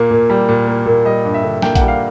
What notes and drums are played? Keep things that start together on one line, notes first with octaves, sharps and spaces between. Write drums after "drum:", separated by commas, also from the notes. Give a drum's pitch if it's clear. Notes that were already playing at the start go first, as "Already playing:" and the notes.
Already playing: A#2 A#3
A#2
G3
A#2
A#3
A#2
G3 D#5
G2
E5
D3
A#3 G5, drum: snare
F#5, drum: kick A#1, hi-hat
G3
F5